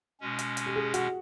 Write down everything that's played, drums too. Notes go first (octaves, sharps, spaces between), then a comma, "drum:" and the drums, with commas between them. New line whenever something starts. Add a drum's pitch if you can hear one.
B2 G#3 C#4
drum: hi-hat
drum: hi-hat
G4
G#4
F#4, drum: hi-hat